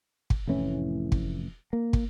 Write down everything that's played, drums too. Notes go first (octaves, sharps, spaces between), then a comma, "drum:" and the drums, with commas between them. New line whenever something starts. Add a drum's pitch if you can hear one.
drum: kick
F1 A2 E3 C#4
drum: kick
A#3
drum: kick